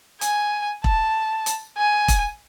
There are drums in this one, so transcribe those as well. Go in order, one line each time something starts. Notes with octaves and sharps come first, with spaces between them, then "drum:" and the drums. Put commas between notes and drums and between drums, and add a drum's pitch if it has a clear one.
G#5, drum: hi-hat
A5, drum: kick E1
drum: hi-hat
G#5
drum: kick E1, hi-hat